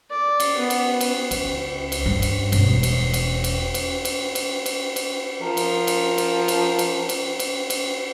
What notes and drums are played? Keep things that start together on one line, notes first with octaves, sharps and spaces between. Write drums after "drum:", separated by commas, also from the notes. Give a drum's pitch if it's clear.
D5
drum: cymbal
B3
drum: cymbal
drum: cymbal
C#2, drum: cymbal
drum: cymbal
G2
drum: cymbal
E1, drum: cymbal
drum: cymbal
drum: cymbal
drum: cymbal
drum: cymbal
drum: cymbal
drum: cymbal
drum: cymbal
drum: cymbal
F3 A#4
drum: cymbal
drum: cymbal
drum: cymbal
drum: cymbal
drum: cymbal
drum: cymbal
drum: cymbal
drum: cymbal